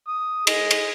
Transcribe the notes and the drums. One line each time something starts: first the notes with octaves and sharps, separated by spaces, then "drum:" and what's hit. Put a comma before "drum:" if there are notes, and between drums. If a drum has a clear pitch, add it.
D#6
G#4 D#5, drum: cymbal
drum: cymbal